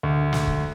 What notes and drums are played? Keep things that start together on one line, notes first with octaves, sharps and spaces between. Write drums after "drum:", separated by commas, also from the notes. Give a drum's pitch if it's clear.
D2
drum: snare
drum: kick